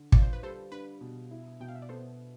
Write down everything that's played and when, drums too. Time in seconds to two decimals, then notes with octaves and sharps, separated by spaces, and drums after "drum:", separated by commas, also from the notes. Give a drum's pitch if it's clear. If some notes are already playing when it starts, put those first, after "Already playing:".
Already playing: D3
0.12 F4 D5, drum: kick
0.23 C5
0.33 B4
0.43 G3 A4 C5
0.72 D4 B4
1.01 B2
1.31 E4
1.60 B2 G5
1.68 F5
1.75 E5
1.82 D5
1.89 B3 A4 C5